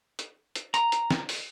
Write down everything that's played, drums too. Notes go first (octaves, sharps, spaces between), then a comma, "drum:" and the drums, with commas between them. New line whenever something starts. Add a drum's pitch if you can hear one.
drum: hi-hat
drum: hi-hat
A#5, drum: hi-hat
drum: hi-hat
drum: snare
drum: open hi-hat